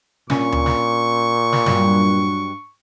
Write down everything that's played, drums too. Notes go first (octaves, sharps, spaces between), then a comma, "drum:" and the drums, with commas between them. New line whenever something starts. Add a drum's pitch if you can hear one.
A#2 C#4 C#6, drum: snare
drum: tom D2
drum: snare
drum: snare
G2 F#3, drum: snare